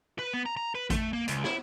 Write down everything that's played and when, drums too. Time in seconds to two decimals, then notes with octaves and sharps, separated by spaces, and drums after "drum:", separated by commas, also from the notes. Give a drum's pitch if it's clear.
0.19 B4
0.33 B3
0.46 A#5
0.57 A#5
0.75 B4
0.90 A3, drum: kick A1, hi-hat
1.13 A#3
1.28 C#2, drum: hi-hat
1.44 E4, drum: snare